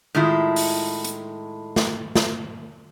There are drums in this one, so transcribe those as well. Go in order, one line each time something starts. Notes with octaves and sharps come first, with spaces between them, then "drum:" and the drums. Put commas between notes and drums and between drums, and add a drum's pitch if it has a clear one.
A2 D#3 G#3 E4 F4
drum: open hi-hat
drum: hi-hat
drum: snare
drum: snare